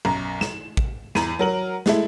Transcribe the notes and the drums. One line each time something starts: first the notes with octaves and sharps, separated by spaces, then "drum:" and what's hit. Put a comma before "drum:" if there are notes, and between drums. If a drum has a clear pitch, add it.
B1 F#2 A#5
E7, drum: snare
drum: kick
E2 A#5 D#7, drum: snare
F#3 A#4 F#7
G#3 A3 E4, drum: snare